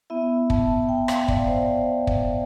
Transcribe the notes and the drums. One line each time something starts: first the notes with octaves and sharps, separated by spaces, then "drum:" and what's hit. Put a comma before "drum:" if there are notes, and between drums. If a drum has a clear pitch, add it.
B3 E4 E5
A5, drum: kick
G5
F5, drum: rim click
D5, drum: kick
C5
drum: kick